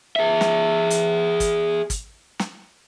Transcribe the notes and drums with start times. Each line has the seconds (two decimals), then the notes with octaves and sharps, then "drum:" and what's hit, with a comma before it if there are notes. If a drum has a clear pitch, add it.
0.16 G#4 E5
0.41 drum: snare
0.90 drum: hi-hat
1.40 drum: kick G#1, hi-hat
1.90 drum: kick G#1, hi-hat
2.39 drum: snare